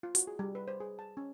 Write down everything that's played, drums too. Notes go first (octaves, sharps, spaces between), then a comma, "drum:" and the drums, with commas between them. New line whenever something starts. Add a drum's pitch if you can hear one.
F4
F#4, drum: hi-hat
G#4
G3
B4
C5
G#4
A5
C#4